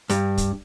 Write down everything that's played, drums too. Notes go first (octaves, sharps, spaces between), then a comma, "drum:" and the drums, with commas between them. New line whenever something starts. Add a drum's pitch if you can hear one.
G2, drum: hi-hat
drum: kick, hi-hat